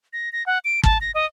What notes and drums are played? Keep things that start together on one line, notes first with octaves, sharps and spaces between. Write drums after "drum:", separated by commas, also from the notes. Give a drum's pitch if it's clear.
A#6
A#6
F#5
D7
A5, drum: kick
A#6
D#5